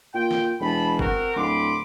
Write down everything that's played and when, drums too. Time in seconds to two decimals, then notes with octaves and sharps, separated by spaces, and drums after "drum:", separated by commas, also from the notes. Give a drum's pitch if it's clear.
0.15 A#2 G5
0.31 drum: snare
0.60 E1 A5 B5
0.99 C4 F#4 A#4, drum: kick G#1
1.36 D1 B5 C6 D6